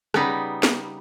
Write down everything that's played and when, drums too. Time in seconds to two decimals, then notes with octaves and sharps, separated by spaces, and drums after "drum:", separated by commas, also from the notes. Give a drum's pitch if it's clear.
0.14 C#3 G3 B3 D#4 B4, drum: rim click
0.63 drum: snare